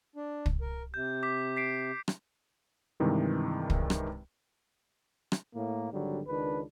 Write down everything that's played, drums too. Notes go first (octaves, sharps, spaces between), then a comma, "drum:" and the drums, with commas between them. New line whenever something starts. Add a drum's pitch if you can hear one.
D4
drum: kick
A#4
C3 G6
D6 B6
B6 C7 D7
drum: rim click
G2 C3 D#3 E3 G#3
drum: kick
drum: rim click
drum: rim click
A2 A#3
G#1 D3 F#3 G3
C#2 D#3 D4 B4